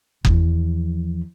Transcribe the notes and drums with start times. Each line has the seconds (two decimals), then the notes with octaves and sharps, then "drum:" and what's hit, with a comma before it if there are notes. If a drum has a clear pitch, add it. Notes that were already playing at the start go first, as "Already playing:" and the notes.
0.25 E2 F3, drum: kick F#1